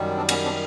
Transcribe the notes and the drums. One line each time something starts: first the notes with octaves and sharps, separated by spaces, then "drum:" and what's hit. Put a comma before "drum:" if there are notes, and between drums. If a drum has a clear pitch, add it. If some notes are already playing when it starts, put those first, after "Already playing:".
Already playing: F#2 D#3 G3
C4 D4
B3 C#4, drum: cymbal
C4 D4